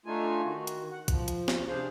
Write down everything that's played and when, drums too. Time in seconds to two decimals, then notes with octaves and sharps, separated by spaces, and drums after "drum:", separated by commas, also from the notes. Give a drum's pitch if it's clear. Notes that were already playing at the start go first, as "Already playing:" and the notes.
0.06 A3 D4 D#4 F4 G#5
0.44 D#3 F#4
0.67 drum: hi-hat
0.92 F#5
1.08 F3, drum: kick, hi-hat
1.28 drum: hi-hat
1.48 drum: snare
1.68 C3 D4 G#4 C5 F5